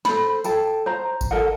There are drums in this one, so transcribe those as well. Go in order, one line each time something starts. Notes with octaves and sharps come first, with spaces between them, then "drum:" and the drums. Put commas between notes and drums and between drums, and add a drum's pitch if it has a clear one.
A4 C5 B5, drum: snare
A4 G5 A5, drum: tambourine
C5 A#5
drum: kick G#1, tambourine
A4 A#4 D#5 F#5